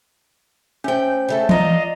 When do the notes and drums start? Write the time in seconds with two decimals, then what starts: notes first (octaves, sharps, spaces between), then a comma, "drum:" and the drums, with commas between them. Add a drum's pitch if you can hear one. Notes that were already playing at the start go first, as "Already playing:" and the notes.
0.84 A3 C#4 C5 G5
1.28 C#3 A3 A4
1.49 F4 D5 D#5 F5 A#5, drum: tom E3